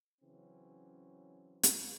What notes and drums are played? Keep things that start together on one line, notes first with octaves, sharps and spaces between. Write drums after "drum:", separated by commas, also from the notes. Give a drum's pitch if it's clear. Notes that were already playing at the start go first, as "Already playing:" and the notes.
C#3 E3 F#3 C4 C#4
drum: hi-hat